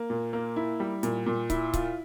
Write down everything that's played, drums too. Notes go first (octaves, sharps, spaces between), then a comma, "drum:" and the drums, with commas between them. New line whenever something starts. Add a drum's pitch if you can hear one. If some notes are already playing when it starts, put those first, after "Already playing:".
Already playing: A#3
A#2
A#3
E4
G3
A#2, drum: hi-hat
A#2
E4, drum: kick C#1, hi-hat
F4, drum: kick C#1, hi-hat